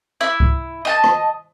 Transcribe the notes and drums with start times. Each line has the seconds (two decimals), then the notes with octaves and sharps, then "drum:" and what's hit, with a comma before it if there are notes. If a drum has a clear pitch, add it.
0.21 E4
0.40 drum: kick C2
0.85 D#5 G5 A5
1.04 drum: rim click